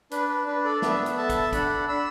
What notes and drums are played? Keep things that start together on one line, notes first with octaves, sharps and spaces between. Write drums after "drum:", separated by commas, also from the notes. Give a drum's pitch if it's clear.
D4 B4, drum: hi-hat
B4
D4 B4
A4 D5
B3 B4 E5, drum: snare
drum: hi-hat
A4 E5 A5
drum: kick, hi-hat
D4 F#5 B5, drum: kick, hi-hat
D4 B5 E6